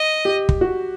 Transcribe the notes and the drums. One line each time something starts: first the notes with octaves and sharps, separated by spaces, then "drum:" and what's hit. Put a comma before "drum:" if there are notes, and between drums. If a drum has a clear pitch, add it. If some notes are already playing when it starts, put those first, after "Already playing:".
Already playing: D#5
G4
drum: kick
F#4